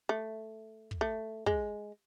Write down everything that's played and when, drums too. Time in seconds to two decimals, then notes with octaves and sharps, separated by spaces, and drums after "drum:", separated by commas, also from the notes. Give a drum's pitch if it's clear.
0.09 A3
0.91 drum: kick
1.01 A3
1.46 G#3, drum: kick